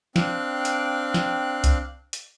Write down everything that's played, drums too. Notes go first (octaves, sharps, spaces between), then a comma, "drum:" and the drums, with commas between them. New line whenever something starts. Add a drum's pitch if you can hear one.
C4 D4 F5 G5 F#6, drum: snare
drum: hi-hat
drum: snare
drum: kick C2, hi-hat
drum: hi-hat